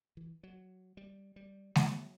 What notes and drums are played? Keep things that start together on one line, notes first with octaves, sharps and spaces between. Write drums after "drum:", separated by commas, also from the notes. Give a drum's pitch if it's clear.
E3
F#3
G3
G3
F#3, drum: snare G#3